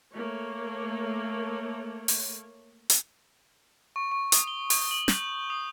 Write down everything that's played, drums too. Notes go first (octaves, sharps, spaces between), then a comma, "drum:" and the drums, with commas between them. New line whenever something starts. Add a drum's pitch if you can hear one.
A3 A#3 C#5
drum: open hi-hat
drum: hi-hat
C#6
C#6
D#6, drum: hi-hat
G7
C#6, drum: open hi-hat
F#7
G6, drum: snare
D#6